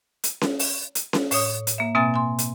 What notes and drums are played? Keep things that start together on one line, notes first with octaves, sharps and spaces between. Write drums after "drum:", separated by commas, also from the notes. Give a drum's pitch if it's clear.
drum: hi-hat
drum: snare C#4
drum: open hi-hat
drum: hi-hat
drum: snare C#4
A2 C#5 D#6, drum: open hi-hat
drum: hi-hat
A#3 E5
B2 A#3 C4 E5 G#5 A6
G#5 C6
drum: hi-hat